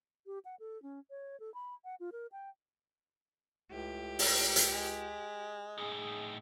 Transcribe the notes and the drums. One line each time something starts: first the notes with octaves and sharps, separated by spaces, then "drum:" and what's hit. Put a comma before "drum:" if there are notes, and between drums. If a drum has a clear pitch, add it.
G4
F#5
A4
C#4
C#5
A4
B5
F#5
F4
A#4
G5
C#2 A2 G4
drum: open hi-hat
drum: hi-hat
G#3
A2 D#4 G#4